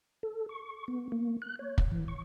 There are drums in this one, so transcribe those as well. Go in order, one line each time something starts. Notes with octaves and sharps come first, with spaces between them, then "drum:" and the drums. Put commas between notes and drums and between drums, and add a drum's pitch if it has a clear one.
A4
C#6
B3
A#3
F#6
C#5
drum: kick
E3
C#6